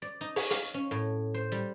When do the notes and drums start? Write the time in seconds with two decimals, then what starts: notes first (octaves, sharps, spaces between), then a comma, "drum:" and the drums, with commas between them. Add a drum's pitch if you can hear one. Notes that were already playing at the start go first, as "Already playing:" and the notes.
0.02 D5
0.21 D#4
0.36 C#5, drum: open hi-hat
0.50 F5, drum: hi-hat
0.74 C#4
0.91 A2
1.34 C5
1.52 G3